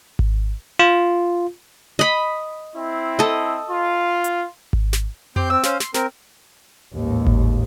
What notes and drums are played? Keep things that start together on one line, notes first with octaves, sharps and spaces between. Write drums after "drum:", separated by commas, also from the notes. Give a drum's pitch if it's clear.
drum: kick G#1
F4
D#5 B5
C4 E4
A4 D#5
F4
drum: hi-hat
drum: kick G#1
drum: snare
C4 G4 C6 G6, drum: tom F2
C4 E6
C#4 C5 F5, drum: snare
C6, drum: snare
C4 A#4, drum: snare
A1 D#2 G#2
drum: kick G#1